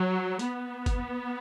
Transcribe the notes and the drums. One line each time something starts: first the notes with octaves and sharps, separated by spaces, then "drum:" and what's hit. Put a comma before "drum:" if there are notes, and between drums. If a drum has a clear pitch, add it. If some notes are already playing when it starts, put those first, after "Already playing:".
Already playing: F#3
B3, drum: hi-hat
drum: kick G1, hi-hat